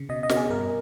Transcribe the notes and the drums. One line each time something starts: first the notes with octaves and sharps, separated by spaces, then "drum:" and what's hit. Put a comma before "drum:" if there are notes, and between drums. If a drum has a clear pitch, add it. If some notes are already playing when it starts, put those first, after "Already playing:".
Already playing: C#3
B2 D#5
D#5
B2, drum: snare
G#4
G2 A#4